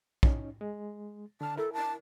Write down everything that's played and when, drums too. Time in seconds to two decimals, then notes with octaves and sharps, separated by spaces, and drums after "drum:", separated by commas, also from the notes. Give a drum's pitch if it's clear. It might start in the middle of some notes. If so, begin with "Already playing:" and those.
0.23 C#4 D#4, drum: kick
0.61 G#3
1.41 D3 A5 F6
1.58 E4 A4 A#4
1.73 A5